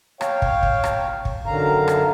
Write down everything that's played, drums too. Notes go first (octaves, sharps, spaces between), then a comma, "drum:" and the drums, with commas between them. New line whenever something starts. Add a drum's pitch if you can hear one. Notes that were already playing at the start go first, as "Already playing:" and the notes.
C#5 F5 G5, drum: rim click
drum: kick
drum: kick
drum: rim click
drum: kick
F#2 D3 D#3 F5 A#5
drum: rim click